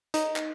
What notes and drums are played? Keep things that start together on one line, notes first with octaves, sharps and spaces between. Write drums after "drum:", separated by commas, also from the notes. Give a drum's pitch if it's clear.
D#4, drum: hi-hat
drum: clap